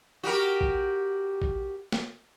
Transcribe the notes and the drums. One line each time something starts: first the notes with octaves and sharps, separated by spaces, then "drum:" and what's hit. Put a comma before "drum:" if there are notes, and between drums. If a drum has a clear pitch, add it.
F#4 G4 A#4
drum: kick A#1
drum: kick A#1
drum: snare